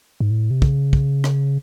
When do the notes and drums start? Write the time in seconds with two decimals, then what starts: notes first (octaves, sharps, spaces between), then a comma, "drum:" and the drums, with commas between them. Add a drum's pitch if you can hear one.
0.20 G#2
0.31 A2
0.50 C3
0.62 C#3, drum: kick
0.93 drum: kick
1.24 drum: rim click